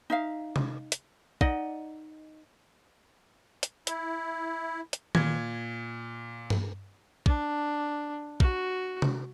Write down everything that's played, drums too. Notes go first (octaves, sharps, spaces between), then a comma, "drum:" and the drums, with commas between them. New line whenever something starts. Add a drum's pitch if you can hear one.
D#4 E5 F5
drum: tom
drum: hi-hat
D#4 D5 D#5 F#5, drum: kick
drum: hi-hat
E4, drum: hi-hat
drum: hi-hat
A#2 G#6, drum: tom D#3
drum: tom G2
D4, drum: kick
F#4, drum: kick
drum: tom